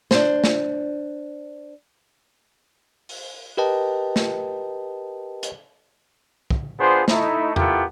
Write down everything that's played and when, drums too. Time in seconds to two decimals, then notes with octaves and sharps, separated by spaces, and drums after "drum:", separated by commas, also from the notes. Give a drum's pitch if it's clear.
0.11 D4 C5, drum: snare
0.44 drum: snare
3.09 drum: open hi-hat
3.57 G4 A#4 B4 D#5 G5 A5
4.16 drum: snare
5.43 drum: hi-hat
6.51 drum: kick
6.79 B3 D4 F4 G#4 C5
7.08 A3 D#4 E4, drum: snare
7.56 A3 B3 E4 F4 G4 A#4, drum: tom E2